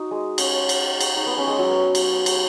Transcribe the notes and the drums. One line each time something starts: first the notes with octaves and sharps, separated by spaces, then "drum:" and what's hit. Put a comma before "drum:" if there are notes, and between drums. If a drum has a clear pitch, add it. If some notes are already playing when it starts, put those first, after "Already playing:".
Already playing: D#4 F#4
G#3
C#4, drum: cymbal
drum: cymbal
drum: cymbal
D#4
B3
C#4
G#3
F#3
B3
drum: cymbal
drum: cymbal